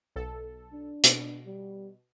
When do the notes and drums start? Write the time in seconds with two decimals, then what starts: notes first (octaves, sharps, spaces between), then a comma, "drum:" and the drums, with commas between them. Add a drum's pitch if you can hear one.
0.16 B1 A4
0.73 D4
1.04 B2, drum: hi-hat
1.46 G3